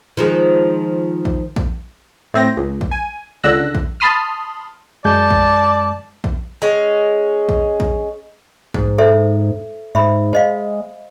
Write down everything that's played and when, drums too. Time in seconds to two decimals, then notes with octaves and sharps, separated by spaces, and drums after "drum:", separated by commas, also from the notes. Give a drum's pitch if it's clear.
0.17 D#3 F3 G#3
1.25 drum: kick A#1
1.56 drum: kick A#1
2.34 A2 C4 A#6
2.57 C#2
2.81 drum: kick A#1
2.91 G#5
3.43 C#2 D3 E6 F#6 A#6
3.75 drum: kick A#1
4.00 A5 B5 C6 D#6 F6
5.05 F#2 G#3 D5 A5 G6
5.30 drum: kick A#1
6.24 drum: kick A#1
6.62 G#3 C#4
7.49 drum: kick A#1
7.80 drum: kick A#1
8.74 G#2, drum: kick A#1
8.98 A4 C5 E5
9.95 G#2 E5 B5
10.33 G#3 C5 D#5 F5